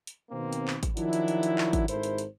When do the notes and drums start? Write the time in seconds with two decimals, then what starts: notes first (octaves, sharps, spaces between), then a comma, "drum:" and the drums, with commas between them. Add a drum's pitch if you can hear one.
0.07 drum: hi-hat
0.30 B2 D#3 A#3 C4
0.53 drum: hi-hat
0.68 drum: clap
0.83 drum: kick G#1, hi-hat
0.97 D#3 F3 F#3 D4 E4, drum: hi-hat
1.13 drum: hi-hat
1.28 drum: hi-hat
1.43 drum: hi-hat
1.58 drum: clap
1.73 drum: kick G#1, hi-hat
1.88 G#1 G#2 E4 A4 A#4 C5, drum: hi-hat
2.03 drum: hi-hat
2.18 drum: hi-hat